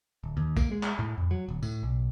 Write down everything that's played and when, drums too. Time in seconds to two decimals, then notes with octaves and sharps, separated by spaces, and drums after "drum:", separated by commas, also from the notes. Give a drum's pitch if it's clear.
0.24 D1
0.37 D#2
0.57 A#3, drum: kick A#1, tambourine
0.71 G#3
0.83 drum: clap
0.99 A2
1.18 F2
1.31 F#3
1.48 D1
1.63 A2, drum: tambourine
1.83 B1